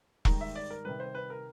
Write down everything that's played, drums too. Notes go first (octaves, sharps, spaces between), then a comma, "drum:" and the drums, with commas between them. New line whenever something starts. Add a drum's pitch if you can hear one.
G#2 D#3 G3 A#5, drum: kick E1
E5
D5
A#4
C3 D#3 G3 B4
C5
B4
A#4